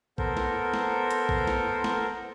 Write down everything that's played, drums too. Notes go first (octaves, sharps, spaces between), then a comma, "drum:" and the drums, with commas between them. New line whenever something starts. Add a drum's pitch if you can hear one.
B3 A4 A#4 C5, drum: kick A1
drum: snare
drum: snare
drum: hi-hat
drum: kick A1
drum: snare
drum: snare